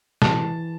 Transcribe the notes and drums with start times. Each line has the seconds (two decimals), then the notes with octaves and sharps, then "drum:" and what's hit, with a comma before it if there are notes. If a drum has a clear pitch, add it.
0.22 E3 A5, drum: snare